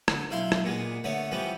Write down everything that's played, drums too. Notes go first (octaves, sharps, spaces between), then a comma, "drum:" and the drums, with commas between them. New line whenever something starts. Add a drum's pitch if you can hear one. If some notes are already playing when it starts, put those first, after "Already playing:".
D3, drum: rim click
B1 E4 F5 C6
drum: rim click
A#2 G#3 B3
D3 A3 B3 C#5
E3 F3 G3 B3 C#4